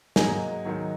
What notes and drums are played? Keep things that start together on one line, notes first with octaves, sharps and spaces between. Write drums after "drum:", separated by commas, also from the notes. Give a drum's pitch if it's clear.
G#2 F#3 A#3 D#5 G#5, drum: snare
G#2 D#3 F#3